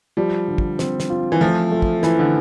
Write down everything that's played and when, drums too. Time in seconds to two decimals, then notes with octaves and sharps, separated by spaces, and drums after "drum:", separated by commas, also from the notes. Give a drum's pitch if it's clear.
0.17 F3 G3
0.48 D3
0.58 drum: kick
0.79 C4, drum: snare
1.00 drum: snare
1.10 F4
1.32 E3
1.41 F3 A3
1.72 A3
1.82 drum: kick
2.03 E3 E4, drum: snare
2.19 D3